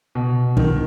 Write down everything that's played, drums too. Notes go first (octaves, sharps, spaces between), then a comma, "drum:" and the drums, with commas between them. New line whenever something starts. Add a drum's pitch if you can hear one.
B2
D#3, drum: kick